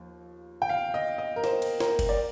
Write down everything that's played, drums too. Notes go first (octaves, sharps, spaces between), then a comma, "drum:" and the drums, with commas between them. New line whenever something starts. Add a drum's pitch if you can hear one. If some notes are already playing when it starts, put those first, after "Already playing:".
Already playing: D#2 F3
G5
F5
D#5
D#5
A#4
C5, drum: snare
drum: cymbal
A#4, drum: snare
drum: kick F#1, cymbal
D5